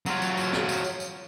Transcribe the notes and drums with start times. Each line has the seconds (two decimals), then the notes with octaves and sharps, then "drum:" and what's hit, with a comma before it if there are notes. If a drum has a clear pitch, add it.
0.06 F#3 F4, drum: tambourine
0.22 drum: tambourine
0.37 drum: tambourine
0.53 drum: snare
0.69 drum: tambourine
0.84 drum: tambourine
1.00 drum: tambourine